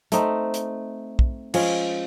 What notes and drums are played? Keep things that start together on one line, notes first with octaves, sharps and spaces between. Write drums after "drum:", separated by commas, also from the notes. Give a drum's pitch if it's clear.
A3 C4 D#4, drum: hi-hat
drum: hi-hat
drum: kick
F3 G#3 C#4, drum: cymbal